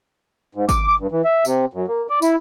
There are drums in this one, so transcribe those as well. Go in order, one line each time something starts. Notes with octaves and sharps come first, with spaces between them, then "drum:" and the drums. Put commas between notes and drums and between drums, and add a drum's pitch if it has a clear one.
G#2
D6, drum: kick G#1, tambourine
D6
G2
E3
E5
C3, drum: tambourine
F#2
A#3
D5
E4, drum: tambourine